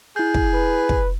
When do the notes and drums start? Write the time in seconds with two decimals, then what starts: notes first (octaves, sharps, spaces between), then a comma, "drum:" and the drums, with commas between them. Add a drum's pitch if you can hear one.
0.16 E4 G#4 G6
0.34 drum: kick
0.54 B4
0.89 drum: kick